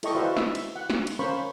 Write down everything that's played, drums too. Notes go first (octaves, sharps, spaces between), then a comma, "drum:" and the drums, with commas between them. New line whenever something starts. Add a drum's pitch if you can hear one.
E4 A4 D5 D#5 G5 C#6, drum: cymbal
E4 F#4 B4 C5 E5 F5
E5, drum: snare
drum: cymbal
F#5
drum: snare
drum: cymbal
C#4 A#4 C5 F5 B5 C#6